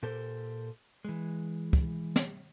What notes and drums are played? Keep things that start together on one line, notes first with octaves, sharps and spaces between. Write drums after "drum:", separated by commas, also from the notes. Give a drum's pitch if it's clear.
A#2 G4 A4 A#4 C5
E3 G#3
drum: kick
drum: snare